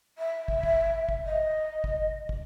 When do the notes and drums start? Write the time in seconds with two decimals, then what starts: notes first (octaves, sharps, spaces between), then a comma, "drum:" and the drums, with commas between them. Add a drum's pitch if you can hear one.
0.18 E5
0.48 drum: kick
0.63 drum: kick
1.09 drum: kick
1.26 D#5
1.84 drum: kick
2.29 drum: kick